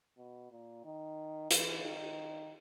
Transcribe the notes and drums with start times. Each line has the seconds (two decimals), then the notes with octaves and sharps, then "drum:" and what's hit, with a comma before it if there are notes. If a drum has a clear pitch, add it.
0.18 B2
0.51 A#2
0.84 D#3
1.51 E3, drum: hi-hat
1.83 D#3